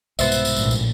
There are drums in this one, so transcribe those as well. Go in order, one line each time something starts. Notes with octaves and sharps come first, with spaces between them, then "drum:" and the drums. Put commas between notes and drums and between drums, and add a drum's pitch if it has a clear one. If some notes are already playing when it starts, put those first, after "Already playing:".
C2 G#2 B2 B3 C5 E5, drum: tambourine
drum: tambourine
drum: tambourine
A#1 A2, drum: tambourine
drum: tambourine